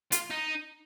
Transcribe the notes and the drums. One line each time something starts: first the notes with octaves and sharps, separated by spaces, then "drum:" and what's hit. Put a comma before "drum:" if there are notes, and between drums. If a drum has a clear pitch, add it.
F4, drum: hi-hat
D#4